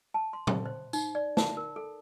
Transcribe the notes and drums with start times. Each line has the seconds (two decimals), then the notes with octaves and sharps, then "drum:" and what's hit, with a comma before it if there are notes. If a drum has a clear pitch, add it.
0.14 A5
0.33 C6
0.47 C5, drum: tom A#2
0.66 C5
0.93 D#4, drum: tambourine
1.15 D5
1.37 A5, drum: snare
1.57 A#4
1.76 A4